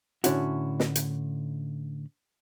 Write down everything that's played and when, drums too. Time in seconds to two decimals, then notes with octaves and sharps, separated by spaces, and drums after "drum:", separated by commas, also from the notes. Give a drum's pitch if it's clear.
0.24 A2 D3 C#4 E4 F#4, drum: hi-hat
0.80 drum: snare
0.95 drum: hi-hat